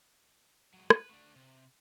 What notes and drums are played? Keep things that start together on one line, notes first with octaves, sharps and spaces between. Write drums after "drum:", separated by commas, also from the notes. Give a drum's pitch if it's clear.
F#3 G#3
B4, drum: rim click
A3 D4
C3